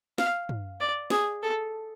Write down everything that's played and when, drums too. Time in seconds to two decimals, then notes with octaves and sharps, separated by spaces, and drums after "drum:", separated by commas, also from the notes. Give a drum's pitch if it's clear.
0.18 F5, drum: snare
0.49 drum: tom
0.80 D5
1.10 G#4, drum: snare
1.42 A4